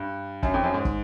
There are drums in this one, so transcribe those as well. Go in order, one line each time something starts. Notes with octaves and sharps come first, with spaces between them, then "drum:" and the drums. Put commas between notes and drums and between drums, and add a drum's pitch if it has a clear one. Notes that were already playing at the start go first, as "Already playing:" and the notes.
Already playing: G2
F#2, drum: kick
F2
F#2
G#2
drum: kick